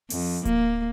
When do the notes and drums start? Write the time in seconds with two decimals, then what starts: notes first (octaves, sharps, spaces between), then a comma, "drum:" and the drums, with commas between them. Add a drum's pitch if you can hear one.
0.10 F2, drum: open hi-hat
0.45 A#3, drum: kick D1, hi-hat